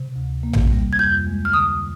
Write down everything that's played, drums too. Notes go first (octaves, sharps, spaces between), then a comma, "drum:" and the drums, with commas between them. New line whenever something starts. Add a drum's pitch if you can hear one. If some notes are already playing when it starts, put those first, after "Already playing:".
Already playing: C3
D2
A#3
drum: tom A1
G3
G#6
F2 G6
G#3
F6
D3 D#6